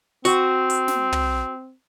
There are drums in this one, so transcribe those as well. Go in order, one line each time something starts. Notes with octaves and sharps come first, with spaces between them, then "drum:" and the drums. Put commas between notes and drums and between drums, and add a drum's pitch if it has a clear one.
C4 F#4, drum: hi-hat
drum: hi-hat
drum: snare
drum: tom